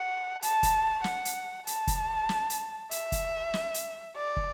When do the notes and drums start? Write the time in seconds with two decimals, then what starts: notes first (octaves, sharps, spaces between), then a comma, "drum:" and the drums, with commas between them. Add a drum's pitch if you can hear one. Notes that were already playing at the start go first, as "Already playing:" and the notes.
Already playing: F#5
0.42 A5, drum: hi-hat
0.63 drum: kick, hi-hat
1.04 F#5, drum: snare
1.25 drum: hi-hat
1.67 A5, drum: hi-hat
1.87 drum: kick, hi-hat
2.29 drum: snare
2.50 drum: hi-hat
2.91 E5, drum: hi-hat
3.12 drum: kick, hi-hat
3.54 drum: snare
3.74 drum: hi-hat
4.16 D5
4.37 drum: kick